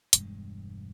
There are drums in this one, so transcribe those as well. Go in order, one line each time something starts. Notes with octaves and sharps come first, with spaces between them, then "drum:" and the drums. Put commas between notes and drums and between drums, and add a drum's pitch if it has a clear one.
E1 G2 G#3, drum: hi-hat